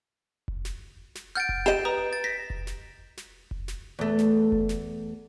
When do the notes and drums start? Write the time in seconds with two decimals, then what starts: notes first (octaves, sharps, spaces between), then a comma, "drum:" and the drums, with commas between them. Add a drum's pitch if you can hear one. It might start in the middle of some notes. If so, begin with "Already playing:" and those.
0.48 drum: kick F1
0.65 drum: snare
1.15 drum: snare
1.35 F#5 F6 G6 A6 D7
1.49 drum: kick F1
1.66 G4 D#5 C7 E7, drum: snare
1.85 B4 A#5 D#6
2.13 A6
2.24 A#6 B6
2.50 drum: kick F1
2.67 drum: snare
3.17 drum: snare
3.51 drum: kick F1
3.68 drum: snare
3.99 E2 A3
4.19 drum: snare
4.52 drum: kick F1
4.69 drum: snare